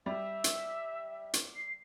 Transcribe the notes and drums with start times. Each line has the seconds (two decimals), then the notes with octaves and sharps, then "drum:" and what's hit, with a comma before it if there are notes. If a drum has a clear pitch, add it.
0.06 G3 E5
0.44 drum: hi-hat
1.34 drum: hi-hat
1.56 C7